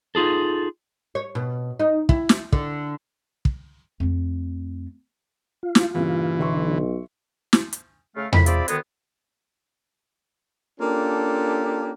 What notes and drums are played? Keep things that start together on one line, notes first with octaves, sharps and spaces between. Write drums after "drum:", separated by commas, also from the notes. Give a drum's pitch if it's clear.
D#4 F4 G#4 A4
C#5
B2
D#4
E4, drum: kick
drum: snare
D3, drum: kick
drum: kick
F2 A3
F4
drum: snare
G2 A#2 C#3 E3
B1 D3 E5 C6 C#6
drum: snare
drum: hi-hat
C#3 A3 F5
F2 D#3 E4 B5, drum: tom E2
C4 F4 G#4 D5 E5 B5, drum: hi-hat
D2 D3 D#3 G#3 B3, drum: hi-hat
A#3 C#4 D4 F4 G4 A4